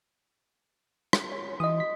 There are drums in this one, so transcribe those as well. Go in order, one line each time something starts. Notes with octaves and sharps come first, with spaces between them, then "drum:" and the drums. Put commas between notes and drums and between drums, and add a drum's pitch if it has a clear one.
drum: rim click
C#4
E3 D#5 D#6
B6